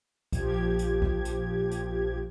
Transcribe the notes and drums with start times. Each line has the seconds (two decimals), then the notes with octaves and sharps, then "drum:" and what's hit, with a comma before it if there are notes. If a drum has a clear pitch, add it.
0.32 A#1 F3 G4 G#6, drum: kick C#2, hi-hat
0.79 drum: hi-hat
1.02 drum: kick C#2
1.25 drum: hi-hat
1.71 drum: hi-hat